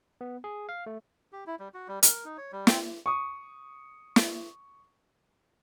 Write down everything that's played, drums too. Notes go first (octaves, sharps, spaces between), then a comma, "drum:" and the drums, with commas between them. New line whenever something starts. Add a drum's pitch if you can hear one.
B3
G#4
F5
A3
G4
E4
G3
F#4
G3
A#4, drum: hi-hat
D#4
C#5
G3
C4, drum: snare
C#6 D#6
drum: snare